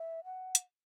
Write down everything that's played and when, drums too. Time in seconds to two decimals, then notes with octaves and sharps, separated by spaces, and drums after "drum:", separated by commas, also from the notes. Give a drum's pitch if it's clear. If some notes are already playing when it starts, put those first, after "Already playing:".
Already playing: E5
0.24 F#5
0.55 drum: hi-hat